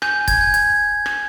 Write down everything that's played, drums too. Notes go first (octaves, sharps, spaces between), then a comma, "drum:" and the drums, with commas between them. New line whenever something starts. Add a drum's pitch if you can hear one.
G#5 G6, drum: rim click
G#5
G#6, drum: kick, hi-hat
G6
G#6, drum: hi-hat
drum: rim click